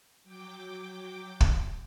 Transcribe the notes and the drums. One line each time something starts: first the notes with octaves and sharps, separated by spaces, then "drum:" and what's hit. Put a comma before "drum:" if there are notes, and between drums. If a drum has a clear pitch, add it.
F#3 G5 D6
drum: kick